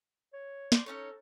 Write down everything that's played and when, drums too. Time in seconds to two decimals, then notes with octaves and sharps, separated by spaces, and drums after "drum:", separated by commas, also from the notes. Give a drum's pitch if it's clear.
0.34 C#5
0.72 C5 D5, drum: snare
0.86 C#4 D#4 A4 C#5